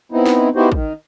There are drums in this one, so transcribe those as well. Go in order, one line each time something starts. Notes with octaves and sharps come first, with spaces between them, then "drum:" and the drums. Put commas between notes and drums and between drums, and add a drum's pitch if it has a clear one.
B3 C4 D#4 E4
drum: snare
B3 D#4 E4 F#4 G4 C5
D#3, drum: kick